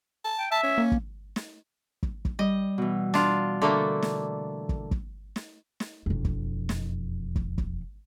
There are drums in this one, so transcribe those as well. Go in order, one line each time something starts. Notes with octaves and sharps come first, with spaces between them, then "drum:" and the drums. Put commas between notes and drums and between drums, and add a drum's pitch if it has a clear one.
A5
G5
E5 A5
C#4
A#3
drum: kick
drum: snare
drum: kick
drum: kick
G3 D#5
B2 E3
D4 F4, drum: snare
D3 A3 A#3 D5
drum: snare
drum: kick
drum: kick
drum: snare
drum: snare
E1 F2
drum: kick
drum: snare
drum: kick
drum: kick